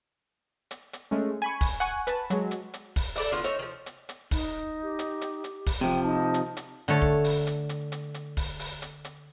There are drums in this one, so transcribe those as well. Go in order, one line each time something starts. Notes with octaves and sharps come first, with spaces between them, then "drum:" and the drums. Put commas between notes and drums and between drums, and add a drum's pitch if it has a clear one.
drum: hi-hat
drum: hi-hat
G#3 A3 C#4
G#5 B5 C#6
drum: kick, open hi-hat
F#5 G#5 C#6
B4 A5, drum: hi-hat
F#3 G#3, drum: hi-hat
drum: hi-hat
drum: hi-hat
drum: kick, open hi-hat
A4 D5 E5, drum: open hi-hat
D3 A3 B3 F4
A3 D#4 C#5 E5, drum: hi-hat
D#3 F3
drum: hi-hat
drum: hi-hat
D#4, drum: kick, open hi-hat
G4
drum: hi-hat
drum: hi-hat
drum: hi-hat
drum: kick, open hi-hat
C3 F3 G5
D#4 A5
drum: hi-hat
drum: hi-hat
D3 A3 C#5 A5
drum: kick
drum: open hi-hat
drum: hi-hat
drum: hi-hat
drum: hi-hat
drum: hi-hat
drum: kick, open hi-hat
drum: open hi-hat
drum: hi-hat
drum: hi-hat